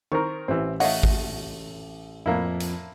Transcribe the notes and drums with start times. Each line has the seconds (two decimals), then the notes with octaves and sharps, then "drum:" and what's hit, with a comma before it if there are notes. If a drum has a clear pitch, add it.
0.12 D#3 C4 A#4 C#6
0.48 A1 E3 C4
0.80 A3 C#5 D#5 F5 F#5, drum: open hi-hat
1.03 drum: kick G#1
2.26 F2 A2 F3 A#3 E4
2.60 drum: hi-hat